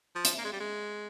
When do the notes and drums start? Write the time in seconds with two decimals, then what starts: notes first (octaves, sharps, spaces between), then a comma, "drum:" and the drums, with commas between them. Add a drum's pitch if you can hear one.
0.16 F3
0.25 drum: hi-hat
0.38 A#3
0.45 G#3
0.53 G3
0.60 G#3